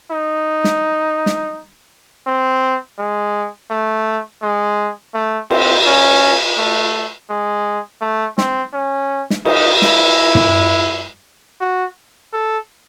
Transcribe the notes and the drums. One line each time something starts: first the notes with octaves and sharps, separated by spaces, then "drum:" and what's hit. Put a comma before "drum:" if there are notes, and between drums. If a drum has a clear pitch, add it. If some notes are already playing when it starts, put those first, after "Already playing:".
D#4
drum: snare
drum: snare
C4
G#3
A3
G#3
A3
C4, drum: cymbal
C#4
A3
G#3
A3
C4, drum: snare
C#4
drum: snare
D#4, drum: cymbal
E4, drum: snare
drum: tom
F#4
A4